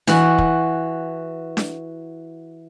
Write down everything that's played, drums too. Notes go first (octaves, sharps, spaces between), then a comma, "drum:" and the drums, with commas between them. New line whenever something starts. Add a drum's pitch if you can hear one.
E3 F#4, drum: snare D4
drum: kick
drum: snare D4